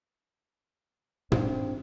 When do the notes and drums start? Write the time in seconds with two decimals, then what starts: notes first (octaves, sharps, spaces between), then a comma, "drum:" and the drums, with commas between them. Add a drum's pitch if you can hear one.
1.32 C4 D4, drum: tom